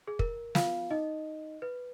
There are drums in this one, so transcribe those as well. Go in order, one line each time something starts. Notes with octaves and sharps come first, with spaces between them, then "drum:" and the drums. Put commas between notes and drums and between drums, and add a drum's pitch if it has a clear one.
G#4
A#4, drum: kick
F4 F5, drum: snare
D#4 D#5
B4